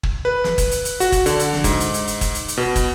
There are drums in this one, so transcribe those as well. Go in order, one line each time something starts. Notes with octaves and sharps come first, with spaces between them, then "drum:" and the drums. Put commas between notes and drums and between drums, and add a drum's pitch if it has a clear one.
drum: kick
B4
drum: snare
drum: kick, hi-hat
drum: hi-hat
drum: hi-hat
F#4, drum: hi-hat
drum: kick, hi-hat
D3, drum: hi-hat
drum: hi-hat
drum: snare
G#2, drum: kick, hi-hat
drum: hi-hat
drum: hi-hat
drum: hi-hat
drum: kick, hi-hat
drum: hi-hat
drum: hi-hat
B2
drum: kick, hi-hat